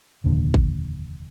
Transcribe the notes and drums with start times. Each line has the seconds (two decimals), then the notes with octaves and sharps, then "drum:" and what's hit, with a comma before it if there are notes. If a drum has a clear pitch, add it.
0.24 F1 D#2 A#2 D3
0.54 drum: kick G#1